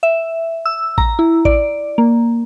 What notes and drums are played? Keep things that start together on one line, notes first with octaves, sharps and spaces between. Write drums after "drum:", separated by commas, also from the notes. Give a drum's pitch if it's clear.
E5
E6
A#5, drum: kick A1
E4
D5, drum: kick A1
A#3